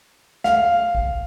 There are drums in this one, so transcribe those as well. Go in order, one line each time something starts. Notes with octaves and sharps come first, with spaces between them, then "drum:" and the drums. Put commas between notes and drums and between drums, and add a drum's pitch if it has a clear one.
F5, drum: snare
drum: kick A1